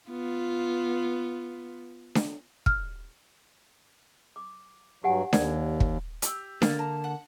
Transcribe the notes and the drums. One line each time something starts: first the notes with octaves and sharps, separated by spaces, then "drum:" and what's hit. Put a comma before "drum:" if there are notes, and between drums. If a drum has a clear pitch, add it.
B3 F4
drum: snare D4
F6, drum: kick
D6
G2 F#3 G4 F#5 G#5
D#2 A#4 C5 D5, drum: snare D4
drum: kick
G4 E6, drum: hi-hat
D3 A#3 A6, drum: snare D4
A5 A#5
F#5